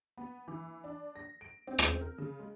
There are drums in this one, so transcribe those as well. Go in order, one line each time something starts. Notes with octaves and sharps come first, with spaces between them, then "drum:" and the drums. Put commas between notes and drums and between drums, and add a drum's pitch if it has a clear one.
B3
E3
D4
A#6
D7
C4
drum: rim click
A#4
C#3
G#3